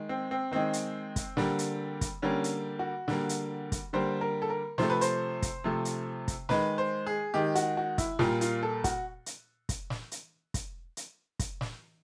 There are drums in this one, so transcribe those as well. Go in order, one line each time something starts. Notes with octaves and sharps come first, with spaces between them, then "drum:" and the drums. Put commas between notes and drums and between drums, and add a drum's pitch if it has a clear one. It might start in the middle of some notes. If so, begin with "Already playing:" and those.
Already playing: D#3 G#3
C4
C4
D#3 G#3 C4
drum: hi-hat
drum: kick, hi-hat
D3 G3 A#3, drum: snare
drum: hi-hat
drum: kick, hi-hat
D3 G3 A#3 C#4
drum: hi-hat
F#4
D3 G3 A#3, drum: snare
drum: hi-hat
drum: kick, hi-hat
D3 G3 A#3 C5
A#4
A4
A#4
C3 F3 A3 C5, drum: snare
B4
C5, drum: hi-hat
drum: kick, hi-hat
C3 F3 A3
drum: hi-hat
drum: kick, hi-hat
D#3 G#3 B4, drum: snare
C5
G#4
D#3 G#3 G4
F#4, drum: hi-hat
F#4
E4, drum: kick, hi-hat
A#2 G3 A#3 F4, drum: snare
F4, drum: hi-hat
A4
F#4, drum: kick, hi-hat
drum: hi-hat
drum: kick, hi-hat
drum: snare
drum: hi-hat
drum: kick, hi-hat
drum: hi-hat
drum: kick, hi-hat
drum: snare